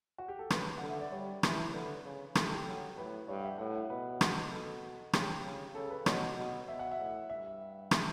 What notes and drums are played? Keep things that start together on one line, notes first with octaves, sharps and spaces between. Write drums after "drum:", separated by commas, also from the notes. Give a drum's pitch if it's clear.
F#4
G4
A4
C#3 B4, drum: rim click
D3 F#5
E5
D5
G3 C#5
E3, drum: rim click
D3 B4
C#3
E3 A4, drum: rim click
G4
A4
F#3
A2 B4
G2 C#5
F#5
E5
A2 F#5
E5
B2 B4
drum: rim click
B2 A4
C#3 G4, drum: rim click
C#3
C#3 A4
A4
B4
B2 C#5, drum: rim click
B2
B2 E5
F#5
E5
A2
G2 E5
E5, drum: rim click